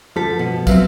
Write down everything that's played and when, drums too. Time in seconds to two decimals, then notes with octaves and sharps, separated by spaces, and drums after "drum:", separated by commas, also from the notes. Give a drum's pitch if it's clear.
0.16 D2 F3 A4 B6
0.39 B2
0.67 F#3 B3 C4 E5 F5, drum: kick, tambourine